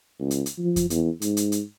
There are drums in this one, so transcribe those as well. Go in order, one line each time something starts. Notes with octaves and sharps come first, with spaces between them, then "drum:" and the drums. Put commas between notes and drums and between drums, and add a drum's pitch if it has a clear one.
C#2
drum: hi-hat
drum: hi-hat
F3
drum: kick F2, hi-hat
E2, drum: hi-hat
G#2, drum: hi-hat
drum: hi-hat
drum: hi-hat